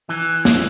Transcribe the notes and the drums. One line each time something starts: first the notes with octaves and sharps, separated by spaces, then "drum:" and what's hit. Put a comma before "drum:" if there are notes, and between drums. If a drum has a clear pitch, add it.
E3
drum: snare